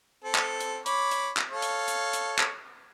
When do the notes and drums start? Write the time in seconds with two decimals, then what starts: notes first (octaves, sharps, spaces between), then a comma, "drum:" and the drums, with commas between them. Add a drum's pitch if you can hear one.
0.24 C4 A4
0.35 drum: clap
0.60 drum: hi-hat
0.86 C#5 B5 D6, drum: hi-hat
1.11 drum: hi-hat
1.37 drum: clap
1.51 A4 C#5 F5
1.62 drum: hi-hat
1.88 drum: hi-hat
2.13 drum: hi-hat
2.39 drum: clap